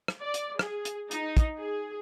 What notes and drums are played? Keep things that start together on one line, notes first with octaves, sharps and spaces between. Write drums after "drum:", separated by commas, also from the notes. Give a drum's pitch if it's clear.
drum: rim click
D5
drum: hi-hat
G#4, drum: rim click
drum: hi-hat
D#4, drum: hi-hat
drum: kick, hi-hat
G#4